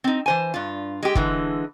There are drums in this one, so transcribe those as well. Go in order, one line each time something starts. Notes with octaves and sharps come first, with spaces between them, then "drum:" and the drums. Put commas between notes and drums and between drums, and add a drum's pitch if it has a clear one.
C4 D#4
E3 C5 G#5
G2 F4
G#3 G4
D3 E3 G#3, drum: kick